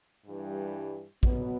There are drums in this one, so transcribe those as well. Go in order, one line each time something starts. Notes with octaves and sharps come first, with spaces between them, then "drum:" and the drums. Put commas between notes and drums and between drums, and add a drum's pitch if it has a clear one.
G2 E3 G3
B2 F#3 B3, drum: kick